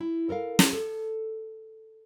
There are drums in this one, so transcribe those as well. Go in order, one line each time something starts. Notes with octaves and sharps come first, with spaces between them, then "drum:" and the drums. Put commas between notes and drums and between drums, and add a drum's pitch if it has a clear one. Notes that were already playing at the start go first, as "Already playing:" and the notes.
E4
A4 A#4 D5 F5
drum: snare
A4